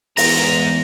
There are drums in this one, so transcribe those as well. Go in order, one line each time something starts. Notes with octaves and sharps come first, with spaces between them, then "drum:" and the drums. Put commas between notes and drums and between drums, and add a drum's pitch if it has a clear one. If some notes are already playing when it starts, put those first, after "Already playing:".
E2 G#2 A#5 A#6, drum: open hi-hat